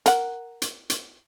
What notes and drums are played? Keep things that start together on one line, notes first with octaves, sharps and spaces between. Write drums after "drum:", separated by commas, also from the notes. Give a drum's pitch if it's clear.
A#4 F#5, drum: hi-hat
drum: hi-hat
drum: hi-hat